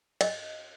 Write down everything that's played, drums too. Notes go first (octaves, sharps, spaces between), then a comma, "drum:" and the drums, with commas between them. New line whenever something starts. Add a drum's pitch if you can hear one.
D#5, drum: cymbal